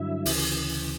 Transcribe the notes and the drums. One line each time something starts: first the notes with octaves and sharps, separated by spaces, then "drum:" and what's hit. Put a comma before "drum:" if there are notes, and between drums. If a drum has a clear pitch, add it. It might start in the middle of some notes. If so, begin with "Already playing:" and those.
Already playing: G2 D3 F#3 E4 E5
D2 C#3 E3, drum: open hi-hat